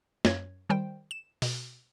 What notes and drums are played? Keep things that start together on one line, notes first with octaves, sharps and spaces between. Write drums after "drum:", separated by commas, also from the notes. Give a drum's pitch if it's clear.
F#2 C#5 G#6, drum: snare
D#3 G3 C5 G5
E7
B2, drum: open hi-hat